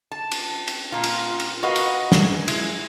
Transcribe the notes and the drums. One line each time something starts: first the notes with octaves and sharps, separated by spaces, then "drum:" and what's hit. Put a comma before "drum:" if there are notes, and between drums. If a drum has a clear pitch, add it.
A5
drum: cymbal
drum: cymbal
A#2 F4
drum: cymbal
drum: cymbal
F#4 A#4 B4 D#5 F5 F#5
drum: cymbal
drum: snare
G#4
G#3 E4, drum: cymbal